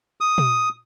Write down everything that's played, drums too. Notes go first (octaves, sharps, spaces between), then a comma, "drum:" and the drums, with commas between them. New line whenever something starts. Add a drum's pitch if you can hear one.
D#6
drum: tom